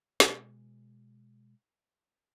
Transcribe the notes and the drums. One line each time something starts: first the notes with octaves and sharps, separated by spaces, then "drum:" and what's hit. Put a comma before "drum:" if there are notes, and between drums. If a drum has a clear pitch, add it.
B2 G#3, drum: snare